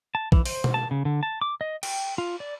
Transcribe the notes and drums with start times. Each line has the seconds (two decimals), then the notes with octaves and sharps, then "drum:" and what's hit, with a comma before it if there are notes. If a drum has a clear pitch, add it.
0.15 A5
0.32 E3, drum: kick
0.45 C5, drum: open hi-hat
0.64 drum: tom B2
0.74 A5
0.91 C#3
1.05 D3
1.23 A5
1.41 D6
1.61 D#5
1.83 G5, drum: cymbal
2.18 F4
2.40 D5